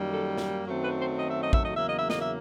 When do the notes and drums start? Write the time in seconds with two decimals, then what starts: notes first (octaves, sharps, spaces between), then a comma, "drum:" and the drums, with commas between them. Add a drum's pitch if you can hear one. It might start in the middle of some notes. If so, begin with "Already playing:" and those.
Already playing: F#2 D#3 G3 A#3
0.12 A4
0.38 drum: snare
0.66 F#2 D#3 F#3 A3 C4 A#4
0.83 B4
1.01 C5
1.19 D#5
1.30 E5
1.42 D#5
1.53 E5, drum: kick
1.65 D#5
1.72 E2 C#3 F#3 A#3 E5
1.87 D#5
1.99 E5
2.10 D#5, drum: snare
2.21 E5